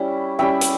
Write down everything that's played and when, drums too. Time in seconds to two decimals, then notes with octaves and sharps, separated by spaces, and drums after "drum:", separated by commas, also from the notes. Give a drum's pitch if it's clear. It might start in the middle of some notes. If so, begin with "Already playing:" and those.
Already playing: G3 C#4 E4
0.39 G3 C#4 E4 E5 G5
0.61 drum: hi-hat